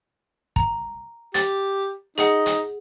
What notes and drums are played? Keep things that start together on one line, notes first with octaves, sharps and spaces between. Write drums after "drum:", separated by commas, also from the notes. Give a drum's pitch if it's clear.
A#5, drum: kick
G4 A6, drum: hi-hat
D#4 G#4 F#5, drum: hi-hat
drum: hi-hat